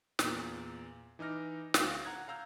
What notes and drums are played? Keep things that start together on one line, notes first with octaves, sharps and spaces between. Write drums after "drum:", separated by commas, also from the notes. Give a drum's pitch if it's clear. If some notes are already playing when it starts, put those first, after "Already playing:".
E2 A#2, drum: snare
E3 D#4 D6 F6 A#6
D2 F5 A#6, drum: snare
F#5 A#5 F#6 G#6
F5 A#5 E6 G6